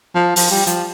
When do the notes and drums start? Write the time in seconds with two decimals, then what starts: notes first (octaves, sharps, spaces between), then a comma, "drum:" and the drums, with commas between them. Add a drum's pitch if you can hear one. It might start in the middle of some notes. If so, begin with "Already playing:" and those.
0.15 F3
0.36 F3, drum: open hi-hat
0.51 G3
0.67 F3, drum: hi-hat